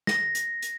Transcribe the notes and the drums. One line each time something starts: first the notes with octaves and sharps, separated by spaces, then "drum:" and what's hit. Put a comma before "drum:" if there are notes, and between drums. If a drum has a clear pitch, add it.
A#6, drum: snare
drum: hi-hat
drum: hi-hat